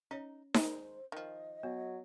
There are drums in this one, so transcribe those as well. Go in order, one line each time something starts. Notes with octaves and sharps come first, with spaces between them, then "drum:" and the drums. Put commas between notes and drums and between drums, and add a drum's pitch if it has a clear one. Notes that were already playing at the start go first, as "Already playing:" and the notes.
C#4 D#4 C#5
D#3 G#3 D#4 C5, drum: snare D#4
D#3 F3 D#5
F#3 B3